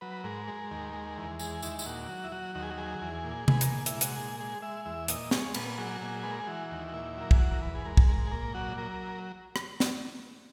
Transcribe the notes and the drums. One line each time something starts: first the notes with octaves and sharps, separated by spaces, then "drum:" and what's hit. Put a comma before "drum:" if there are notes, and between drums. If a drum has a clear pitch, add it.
F#3 B4
G#2 A#4
G#3
D#2
G#3
E2
G#3 G#4, drum: tambourine
D#2 E4, drum: tambourine
E4, drum: tambourine
A#2 F#4
F#3
E4
F#3 F#4
D#2 F#4
G#4
F#4
F#3 G#4
E2
A#2
G#3 B4, drum: tom C3
A#4, drum: hi-hat
A#2 G#4
E4, drum: hi-hat
G#3
F#4, drum: hi-hat
A#2 G#4
G#3 G#4
G#3 E5
E2 E5
A#2 D#5, drum: hi-hat
G#3 C#5, drum: snare
A#2 B4, drum: cymbal
F#3 G#4
A#2 G#4
G#3 B4
A#4
G#4
E3 F#4
D#2
F#4
A#2 E4
F#3 A#4
G#4, drum: kick
E3 F#4
A#4
E2 B4
G#4
G#3 A#4
drum: kick
G#2 A#4
G#4
A#2 A#4
F#3 F#4
F#3 A#4
drum: rim click
drum: snare